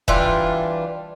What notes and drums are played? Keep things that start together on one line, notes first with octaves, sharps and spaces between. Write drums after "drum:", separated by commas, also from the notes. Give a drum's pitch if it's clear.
E3 G3 D4 F4, drum: kick E1